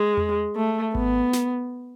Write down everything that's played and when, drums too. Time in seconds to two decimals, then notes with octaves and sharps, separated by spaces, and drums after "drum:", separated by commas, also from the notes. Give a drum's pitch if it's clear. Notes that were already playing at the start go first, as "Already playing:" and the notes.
Already playing: G#3
0.17 drum: tom E2
0.56 A3
0.95 B3, drum: kick G#1
1.33 drum: snare